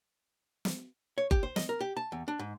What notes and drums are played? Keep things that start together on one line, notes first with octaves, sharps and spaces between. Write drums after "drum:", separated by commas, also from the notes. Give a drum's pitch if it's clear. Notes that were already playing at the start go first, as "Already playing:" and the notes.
drum: snare
C#5
G4, drum: kick F#1
C5
D#5, drum: snare
A#4
G4
A5
E2
D4
G#2